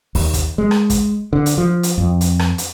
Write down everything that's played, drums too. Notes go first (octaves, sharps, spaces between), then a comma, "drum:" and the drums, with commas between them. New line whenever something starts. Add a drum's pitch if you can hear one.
D#2, drum: open hi-hat
drum: kick, hi-hat
G#3
drum: rim click
drum: kick, hi-hat
D3
drum: hi-hat
F3
drum: hi-hat
F2
drum: hi-hat
drum: rim click
drum: hi-hat